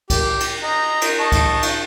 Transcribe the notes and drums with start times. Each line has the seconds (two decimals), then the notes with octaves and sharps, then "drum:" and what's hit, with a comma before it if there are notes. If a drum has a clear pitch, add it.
0.10 G4, drum: kick C2, cymbal
0.40 drum: cymbal
0.63 D#5 A#5
1.02 drum: cymbal
1.19 D#5 A5 C#6
1.32 drum: kick C2, cymbal
1.63 drum: cymbal